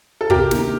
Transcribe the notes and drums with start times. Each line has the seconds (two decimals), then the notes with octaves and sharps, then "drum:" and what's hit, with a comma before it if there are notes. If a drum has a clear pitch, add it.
0.21 A4
0.30 C3 G4 A#4, drum: kick
0.51 D#3 A#3, drum: snare